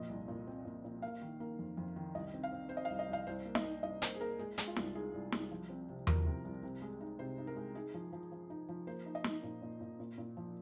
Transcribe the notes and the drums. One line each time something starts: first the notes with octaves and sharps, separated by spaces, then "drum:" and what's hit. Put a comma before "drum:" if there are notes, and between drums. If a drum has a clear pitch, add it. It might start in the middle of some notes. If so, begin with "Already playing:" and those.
Already playing: F2 A#2 D#5
C2
A#2
C4
A#2
A#2
A#3 F5
D#3
A#3
F2
F2
D#3
C2 D#5
C4
F5
C4
C4 C5
D#5
F5
C2
D#5
C2 F5
C2 C5
A#3
D#5, drum: snare
D#4
C2 D#5
A#3 C5, drum: hi-hat
G#4
A#3 A#4
G#3 G#4
G#3, drum: hi-hat
F4
C2, drum: snare
D#4 G#4
C2
C2, drum: snare
F3
C4
C3
F3 A#4, drum: tom E2
C3
C2
C3
G#3
D#4
C3 C5
D#4
A#4
G#3
D#4 G#4
F3
F3
F3
D#4
F3
A#3 C5
D#4
D#5
D#4, drum: snare
A#2
A#2
A#2
A#2
A#2
F3